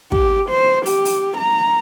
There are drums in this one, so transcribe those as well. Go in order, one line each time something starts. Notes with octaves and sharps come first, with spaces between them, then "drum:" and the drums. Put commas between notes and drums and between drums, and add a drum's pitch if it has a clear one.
G4, drum: kick
C5
G4, drum: open hi-hat
drum: open hi-hat
A#5